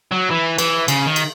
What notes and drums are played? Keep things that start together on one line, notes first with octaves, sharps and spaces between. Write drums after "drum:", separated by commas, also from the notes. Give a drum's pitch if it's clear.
F#3
E3
E3, drum: cymbal
C#3, drum: cymbal
D#3
drum: cymbal